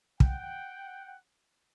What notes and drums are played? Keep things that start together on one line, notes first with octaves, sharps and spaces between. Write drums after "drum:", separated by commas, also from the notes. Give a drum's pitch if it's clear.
F#5 G5, drum: kick